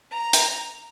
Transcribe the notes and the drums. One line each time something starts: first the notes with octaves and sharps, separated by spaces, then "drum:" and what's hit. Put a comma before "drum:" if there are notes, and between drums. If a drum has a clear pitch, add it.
A#5 F7
drum: hi-hat